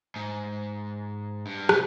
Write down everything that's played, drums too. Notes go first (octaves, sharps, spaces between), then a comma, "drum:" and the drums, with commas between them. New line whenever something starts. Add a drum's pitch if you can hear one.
G#2
G2
C3, drum: rim click